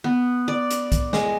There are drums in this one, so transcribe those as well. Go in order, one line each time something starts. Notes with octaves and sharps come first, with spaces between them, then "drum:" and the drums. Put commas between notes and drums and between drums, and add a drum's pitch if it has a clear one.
B3
D5
drum: hi-hat
drum: kick, hi-hat
G#3, drum: snare